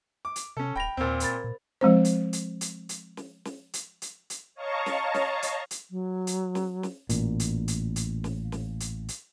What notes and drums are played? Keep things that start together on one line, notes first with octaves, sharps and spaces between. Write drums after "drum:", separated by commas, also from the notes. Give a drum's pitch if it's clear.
D6
drum: hi-hat
C3 C#4 A4
D1 G5 B5 A#6 F7
D#2 A#2 C4 C5 E6
A#4 B5 A6, drum: hi-hat
A#2
F3 G#3 C4 C5
drum: hi-hat
drum: hi-hat
drum: hi-hat
drum: hi-hat
drum: snare
drum: snare
drum: hi-hat
drum: hi-hat
drum: hi-hat
C#5 D#5 F5 A5 A#5 C#6
drum: snare
drum: snare
drum: hi-hat
drum: hi-hat
F#3
drum: hi-hat
drum: snare
drum: snare
A1 A#2, drum: hi-hat
drum: hi-hat
drum: hi-hat
drum: hi-hat
drum: snare
drum: snare
drum: hi-hat
drum: hi-hat